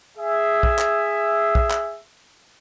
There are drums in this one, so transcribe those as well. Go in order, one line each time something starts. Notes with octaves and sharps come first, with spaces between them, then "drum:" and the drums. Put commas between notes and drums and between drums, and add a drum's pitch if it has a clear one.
G#4 E5
drum: kick
drum: clap
drum: kick
drum: clap